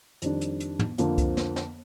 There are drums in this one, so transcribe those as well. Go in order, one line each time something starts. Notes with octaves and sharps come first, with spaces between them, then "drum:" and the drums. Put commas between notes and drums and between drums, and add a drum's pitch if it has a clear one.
F2 D#3 G3 D4, drum: hi-hat
drum: hi-hat
drum: hi-hat
drum: tom
F2 D3 F3 A#3, drum: hi-hat
drum: kick C2, hi-hat
drum: snare
drum: snare